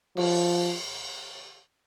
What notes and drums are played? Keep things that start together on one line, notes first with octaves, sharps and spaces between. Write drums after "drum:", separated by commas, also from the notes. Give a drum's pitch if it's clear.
F3, drum: cymbal